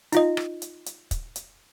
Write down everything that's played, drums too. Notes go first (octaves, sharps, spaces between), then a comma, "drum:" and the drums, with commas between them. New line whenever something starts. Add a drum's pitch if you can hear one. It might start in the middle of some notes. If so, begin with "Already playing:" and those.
D#4 F4 D#5, drum: hi-hat
drum: rim click
drum: hi-hat
drum: hi-hat
drum: kick, hi-hat
drum: hi-hat